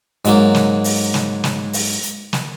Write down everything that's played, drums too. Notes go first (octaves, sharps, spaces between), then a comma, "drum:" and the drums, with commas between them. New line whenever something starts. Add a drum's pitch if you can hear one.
G#2 F#3 A#3, drum: hi-hat
drum: snare
drum: open hi-hat
drum: snare
drum: snare
drum: open hi-hat
drum: hi-hat
drum: snare